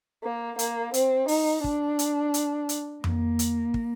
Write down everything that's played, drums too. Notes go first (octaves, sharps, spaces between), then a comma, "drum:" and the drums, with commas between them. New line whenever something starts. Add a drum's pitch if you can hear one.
A#3
A#3, drum: hi-hat
C4, drum: hi-hat
D#4, drum: open hi-hat
D4, drum: kick
drum: hi-hat
drum: hi-hat
drum: hi-hat
A#3, drum: tom F2
drum: hi-hat
drum: kick